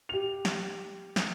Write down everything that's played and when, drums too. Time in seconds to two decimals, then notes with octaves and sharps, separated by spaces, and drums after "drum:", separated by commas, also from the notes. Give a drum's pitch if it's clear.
0.09 G4 F7
0.45 drum: snare
1.16 drum: snare